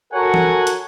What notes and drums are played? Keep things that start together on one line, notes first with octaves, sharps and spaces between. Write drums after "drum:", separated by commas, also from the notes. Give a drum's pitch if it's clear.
F#4 A4 A#4 C#5 F#5 G#5
drum: tom E3
drum: hi-hat